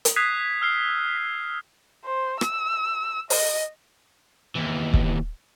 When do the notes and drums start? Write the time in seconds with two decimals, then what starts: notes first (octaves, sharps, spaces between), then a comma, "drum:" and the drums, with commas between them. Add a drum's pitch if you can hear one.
0.05 drum: hi-hat
0.16 D#6 F#6 G#6 B6 C7 D#7
0.61 E6 F6 C7
1.17 B6
2.05 C5
2.41 E6, drum: rim click
3.30 D#5, drum: open hi-hat
4.56 D#2 E3
4.94 drum: kick